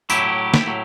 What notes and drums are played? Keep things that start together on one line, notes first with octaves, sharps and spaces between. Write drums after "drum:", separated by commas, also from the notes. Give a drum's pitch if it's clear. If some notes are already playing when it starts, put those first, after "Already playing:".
A2 F#3 E4 G4, drum: tambourine
drum: snare
A2 F#3